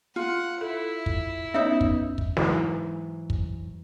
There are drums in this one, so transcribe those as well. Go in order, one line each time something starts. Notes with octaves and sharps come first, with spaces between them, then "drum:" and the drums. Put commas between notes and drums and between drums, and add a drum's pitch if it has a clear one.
F4 F#5
E4 A4
drum: kick
B3 C#4 D#4 C#5 D#5 E5
drum: kick
drum: kick
G#2 E3 F#3, drum: snare
drum: kick